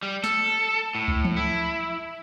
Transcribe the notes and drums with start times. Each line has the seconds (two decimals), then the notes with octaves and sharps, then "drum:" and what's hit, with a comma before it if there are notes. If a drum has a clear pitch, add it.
0.03 G3
0.24 A4, drum: snare
0.95 A2
1.08 drum: kick C#2
1.25 drum: tom E3
1.37 E4